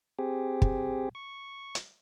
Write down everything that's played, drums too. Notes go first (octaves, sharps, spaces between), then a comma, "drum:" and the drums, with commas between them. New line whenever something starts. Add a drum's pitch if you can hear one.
C4 G4 G#4
drum: kick
C#6
drum: hi-hat